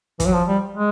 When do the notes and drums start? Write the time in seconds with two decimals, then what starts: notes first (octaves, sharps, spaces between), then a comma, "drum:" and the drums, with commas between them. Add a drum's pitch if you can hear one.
0.20 E3, drum: kick, hi-hat
0.26 F#3
0.33 F3
0.48 G3
0.76 G#3